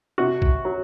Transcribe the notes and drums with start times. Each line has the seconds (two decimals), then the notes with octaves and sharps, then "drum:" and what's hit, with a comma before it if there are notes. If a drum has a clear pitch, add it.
0.18 C3 F#4
0.42 drum: kick
0.65 F#3